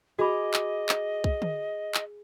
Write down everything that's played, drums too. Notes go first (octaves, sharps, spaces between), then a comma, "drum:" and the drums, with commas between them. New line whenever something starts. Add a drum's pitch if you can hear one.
F#4 G#4 D#5 B5 D6
drum: clap
drum: clap
drum: kick
drum: tom D3
drum: clap